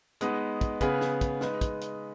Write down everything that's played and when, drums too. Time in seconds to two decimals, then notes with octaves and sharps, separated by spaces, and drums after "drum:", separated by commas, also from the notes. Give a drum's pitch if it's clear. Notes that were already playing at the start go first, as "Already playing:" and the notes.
0.21 G#3 B3 D#4 B4, drum: hi-hat
0.61 drum: kick, hi-hat
0.81 C#3 B3 G#4 B4, drum: kick, hi-hat
1.01 drum: snare
1.21 drum: kick, hi-hat
1.41 G#3 D#4 B4, drum: snare
1.61 drum: kick, hi-hat
1.81 drum: hi-hat